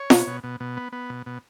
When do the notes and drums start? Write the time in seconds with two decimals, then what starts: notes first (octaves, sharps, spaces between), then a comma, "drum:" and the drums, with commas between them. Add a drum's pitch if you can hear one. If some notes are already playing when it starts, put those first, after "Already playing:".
Already playing: C#5
0.10 B2, drum: snare F4
0.27 B2
0.43 B2
0.60 B2
0.77 B3
0.92 B3
1.10 B2
1.26 B2